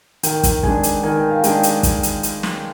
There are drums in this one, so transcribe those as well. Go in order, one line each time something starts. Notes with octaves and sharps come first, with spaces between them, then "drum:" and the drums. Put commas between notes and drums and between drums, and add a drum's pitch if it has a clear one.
D#3 G5, drum: hi-hat
drum: kick, hi-hat
G#3 D4 G#5, drum: kick
drum: hi-hat
D#3 G#5
G5
F5
G#3 D4 G5, drum: hi-hat
drum: hi-hat
drum: kick, hi-hat
drum: hi-hat
drum: hi-hat
drum: snare